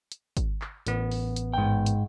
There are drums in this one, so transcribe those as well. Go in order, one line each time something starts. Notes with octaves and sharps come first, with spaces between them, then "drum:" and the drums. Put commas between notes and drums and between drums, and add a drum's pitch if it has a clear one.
drum: hi-hat
drum: kick G#1, hi-hat
drum: clap
A1 B3, drum: hi-hat
drum: open hi-hat
drum: hi-hat
G#2 G5
drum: hi-hat